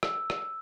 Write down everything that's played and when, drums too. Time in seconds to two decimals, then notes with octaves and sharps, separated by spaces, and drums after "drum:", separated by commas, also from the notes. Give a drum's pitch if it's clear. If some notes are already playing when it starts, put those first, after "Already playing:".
0.03 E6, drum: rim click
0.30 drum: rim click